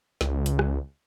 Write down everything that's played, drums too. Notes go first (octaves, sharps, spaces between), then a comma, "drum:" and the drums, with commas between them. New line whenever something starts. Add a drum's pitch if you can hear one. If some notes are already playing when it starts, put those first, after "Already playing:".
C#2, drum: snare
drum: hi-hat
drum: rim click